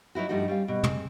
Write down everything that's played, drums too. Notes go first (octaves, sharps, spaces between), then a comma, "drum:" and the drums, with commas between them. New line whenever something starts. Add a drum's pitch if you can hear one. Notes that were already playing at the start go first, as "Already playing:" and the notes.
F#3 D#4 E4 F#4
G2 F3 G3 A3 D#4 F#4
G3 C#4 F5
B2 G3
C4 G#4, drum: tom